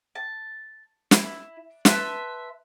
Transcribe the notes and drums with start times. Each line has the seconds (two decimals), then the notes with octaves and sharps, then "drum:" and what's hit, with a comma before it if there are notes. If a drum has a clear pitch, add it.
0.15 A5
1.11 E4, drum: snare
1.85 B4 E5 A5 C6, drum: snare